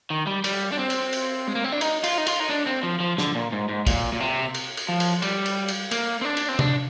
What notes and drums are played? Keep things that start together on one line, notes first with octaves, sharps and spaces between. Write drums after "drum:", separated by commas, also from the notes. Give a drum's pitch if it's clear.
D#3
G3
G3, drum: cymbal
D4
C4
drum: cymbal
drum: cymbal
G#3
A#3
C4
D4
D#4, drum: cymbal
F4, drum: cymbal
D#4
F4, drum: cymbal
D#4
D4
C4
F3
F3
D3, drum: snare
A#2
G#2
G#2
A#2, drum: kick, cymbal
A#2
C3
drum: cymbal
drum: cymbal
F3
drum: cymbal
G3, drum: cymbal
drum: cymbal
drum: cymbal
A#3, drum: cymbal
C4
D4
drum: cymbal
C4
D4, drum: tom C3